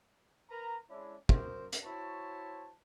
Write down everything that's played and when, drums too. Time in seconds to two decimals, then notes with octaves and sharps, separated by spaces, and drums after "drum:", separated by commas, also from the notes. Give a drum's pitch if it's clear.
0.50 A#4 B4 A#5
0.88 G#3 C#4 D4 E4
1.29 F#2 A#4 C5, drum: kick
1.72 drum: hi-hat
1.84 E4 F#4 C5 C#5 A5